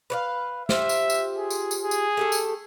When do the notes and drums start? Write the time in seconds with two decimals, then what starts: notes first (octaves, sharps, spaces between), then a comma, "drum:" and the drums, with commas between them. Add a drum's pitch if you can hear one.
0.10 B4 C#5 F5
0.69 F4 G4 C5 E5, drum: snare
0.89 drum: tambourine
1.10 drum: tambourine
1.38 G#4
1.50 drum: tambourine
1.71 drum: tambourine
1.82 G#4
1.91 drum: tambourine
2.17 A3 G4 A4
2.32 drum: tambourine